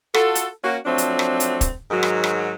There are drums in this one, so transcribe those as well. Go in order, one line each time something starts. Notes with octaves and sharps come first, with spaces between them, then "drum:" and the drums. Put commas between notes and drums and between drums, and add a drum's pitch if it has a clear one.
F4 F#4 A4, drum: rim click
drum: hi-hat
A#3 C#4 F#4
F3 F#3 A3 C4 D4
drum: hi-hat
drum: rim click
drum: hi-hat
drum: kick, hi-hat
G#2 D#3 F#3
drum: rim click
drum: rim click